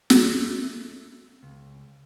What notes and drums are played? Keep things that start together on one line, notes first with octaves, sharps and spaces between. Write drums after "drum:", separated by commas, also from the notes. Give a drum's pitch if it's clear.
A3, drum: snare
C#2